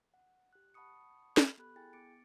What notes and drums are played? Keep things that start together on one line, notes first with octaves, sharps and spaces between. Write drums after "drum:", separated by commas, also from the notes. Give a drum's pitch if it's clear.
F#5
G4 F#6
F#5 A5 B5 C#6 D#6 C#7
drum: snare
B3 G4 A4 B5 F#6
E4 G#4 G5 G#5 A6
B3 D6 A6 C#7 D7